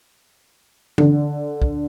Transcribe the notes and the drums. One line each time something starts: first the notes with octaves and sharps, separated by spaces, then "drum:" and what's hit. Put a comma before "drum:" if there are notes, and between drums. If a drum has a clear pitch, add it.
D3, drum: tom E3
drum: kick